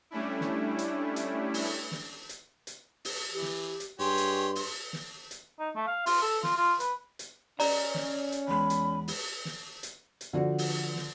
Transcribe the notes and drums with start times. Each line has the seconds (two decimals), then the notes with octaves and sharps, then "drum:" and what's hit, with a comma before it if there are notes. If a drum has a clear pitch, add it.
0.11 G3 A3 C#4 D4 E4
0.41 drum: snare
0.79 drum: hi-hat
1.16 drum: hi-hat
1.54 drum: open hi-hat
1.92 drum: snare
2.29 drum: hi-hat
2.67 drum: hi-hat
3.05 drum: open hi-hat
3.33 E3 G4
3.42 drum: snare
3.80 drum: hi-hat
3.99 G2 G4 G#4 C#5 C6
4.18 drum: hi-hat
4.55 drum: open hi-hat
4.93 drum: snare
5.31 drum: hi-hat
5.59 D#4
5.75 A3
5.87 F5
6.06 F4, drum: open hi-hat
6.22 A4
6.43 F4, drum: snare
6.57 F4
6.80 B4, drum: hi-hat
7.19 drum: hi-hat
7.60 C#4 D5 D#5 A#5, drum: open hi-hat
7.95 drum: snare
8.32 drum: hi-hat
8.48 E2 G#3 B5
8.70 drum: hi-hat
9.08 drum: open hi-hat
9.45 drum: snare
9.83 drum: hi-hat
10.21 drum: hi-hat
10.33 D3 F3 F#4
10.58 drum: open hi-hat
10.96 drum: snare